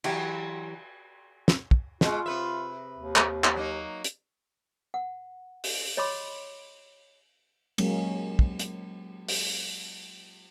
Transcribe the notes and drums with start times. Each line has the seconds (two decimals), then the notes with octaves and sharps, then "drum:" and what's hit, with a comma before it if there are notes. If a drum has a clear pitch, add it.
0.04 E3 F#3 G4, drum: cymbal
1.48 drum: snare
1.71 drum: kick
2.01 B2 G#3 F4, drum: snare
2.26 C3 B4 E5
2.98 D#2
3.16 drum: clap
3.44 drum: clap
3.56 F#3 A#3 D#4
4.04 drum: hi-hat
4.94 F#5
5.64 drum: open hi-hat
5.97 C#5 D#5 B5 C6 D6
7.78 F#3 G#3 A#3 C#4, drum: cymbal
8.39 drum: kick
8.59 drum: hi-hat
9.29 drum: open hi-hat